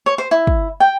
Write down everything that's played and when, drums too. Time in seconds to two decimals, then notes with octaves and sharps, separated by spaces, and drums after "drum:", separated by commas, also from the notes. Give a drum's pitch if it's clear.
0.06 C#5
0.18 C5
0.31 E4
0.47 drum: kick
0.80 G5